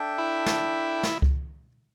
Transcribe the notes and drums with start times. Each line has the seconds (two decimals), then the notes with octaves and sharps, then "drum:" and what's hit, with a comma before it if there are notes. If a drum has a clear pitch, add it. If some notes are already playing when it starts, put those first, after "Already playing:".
Already playing: D4 A4 E5 G5
0.18 E4
0.46 drum: snare
1.03 drum: snare
1.22 drum: kick C#2